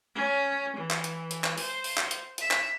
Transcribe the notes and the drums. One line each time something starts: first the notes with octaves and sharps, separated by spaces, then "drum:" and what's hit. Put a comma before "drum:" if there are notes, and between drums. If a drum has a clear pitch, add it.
C#4
E3
drum: clap
drum: hi-hat
drum: hi-hat
drum: clap
C5, drum: open hi-hat
drum: open hi-hat
drum: clap
drum: hi-hat
E5, drum: hi-hat
drum: clap